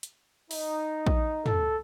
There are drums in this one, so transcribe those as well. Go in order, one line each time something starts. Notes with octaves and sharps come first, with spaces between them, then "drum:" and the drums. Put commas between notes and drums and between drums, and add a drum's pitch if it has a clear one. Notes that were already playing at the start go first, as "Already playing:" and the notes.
drum: hi-hat
D#4, drum: open hi-hat
drum: kick
A4, drum: tom